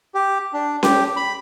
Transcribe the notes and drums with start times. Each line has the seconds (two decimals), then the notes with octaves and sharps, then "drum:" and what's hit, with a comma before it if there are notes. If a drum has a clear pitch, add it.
0.15 G4
0.53 D4
0.83 G4, drum: snare C#4
1.17 B5